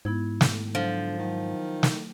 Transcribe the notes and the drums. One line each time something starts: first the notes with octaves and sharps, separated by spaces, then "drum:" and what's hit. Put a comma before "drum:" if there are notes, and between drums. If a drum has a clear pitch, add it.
G#2 B3 E4 G#6
drum: snare
D3 F3 F#3 C5
D#3 F#3
drum: snare